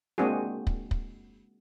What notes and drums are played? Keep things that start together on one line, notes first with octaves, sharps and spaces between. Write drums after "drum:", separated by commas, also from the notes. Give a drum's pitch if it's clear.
G#3 A#3 C4 D4 F#4 G#4
drum: kick
drum: kick